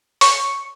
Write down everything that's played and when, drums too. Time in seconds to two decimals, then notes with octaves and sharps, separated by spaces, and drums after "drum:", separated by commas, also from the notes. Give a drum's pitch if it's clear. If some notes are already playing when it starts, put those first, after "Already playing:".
0.21 C#6, drum: open hi-hat